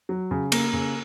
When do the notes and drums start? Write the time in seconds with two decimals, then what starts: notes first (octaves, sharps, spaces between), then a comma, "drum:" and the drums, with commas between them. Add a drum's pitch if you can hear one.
0.09 F#3
0.31 C#3
0.52 A#3, drum: cymbal
0.73 C#3